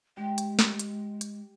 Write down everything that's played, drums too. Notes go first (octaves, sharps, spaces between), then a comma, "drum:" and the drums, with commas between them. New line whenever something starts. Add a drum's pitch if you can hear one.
G#3 G4
drum: hi-hat
drum: snare
drum: hi-hat
drum: hi-hat